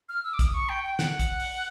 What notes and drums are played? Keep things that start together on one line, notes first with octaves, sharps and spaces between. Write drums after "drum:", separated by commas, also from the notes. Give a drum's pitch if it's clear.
F6
E6
D6
D#6, drum: kick, hi-hat
C#6
G5
G5
F#5, drum: snare
drum: kick, hi-hat
drum: open hi-hat